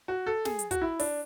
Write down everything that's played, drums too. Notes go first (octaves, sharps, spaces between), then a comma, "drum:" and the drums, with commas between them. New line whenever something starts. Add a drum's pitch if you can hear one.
F#4
A4
G#4, drum: snare
drum: hi-hat
F#4, drum: kick, hi-hat
E4
D4, drum: open hi-hat